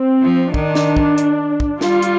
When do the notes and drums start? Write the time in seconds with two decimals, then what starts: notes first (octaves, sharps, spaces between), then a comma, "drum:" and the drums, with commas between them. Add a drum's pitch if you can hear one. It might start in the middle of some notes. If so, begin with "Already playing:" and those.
Already playing: C4
0.22 F3
0.54 D#3 D4, drum: kick
0.75 drum: snare
0.97 drum: kick
1.18 drum: hi-hat
1.60 drum: kick
1.81 G3 F4, drum: snare
2.02 drum: hi-hat